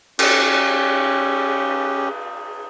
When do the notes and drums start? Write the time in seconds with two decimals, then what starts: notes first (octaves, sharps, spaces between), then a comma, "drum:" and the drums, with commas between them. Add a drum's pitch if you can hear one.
0.19 C#4 G4, drum: cymbal